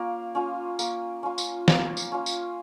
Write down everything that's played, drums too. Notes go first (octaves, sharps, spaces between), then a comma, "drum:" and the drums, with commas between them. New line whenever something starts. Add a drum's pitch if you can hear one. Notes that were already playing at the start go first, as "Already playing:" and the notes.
Already playing: A#3 C#4 F4
C#4 F4
A#3, drum: tambourine
C#4 F4
drum: tambourine
A#3, drum: snare
drum: tambourine
C#4 F4
drum: tambourine